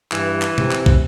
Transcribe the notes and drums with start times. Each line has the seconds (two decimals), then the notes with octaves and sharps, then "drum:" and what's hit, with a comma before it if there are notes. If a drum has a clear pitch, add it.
0.12 G2 E3, drum: clap
0.42 drum: clap
0.58 C3, drum: tom
0.71 drum: clap
0.86 drum: kick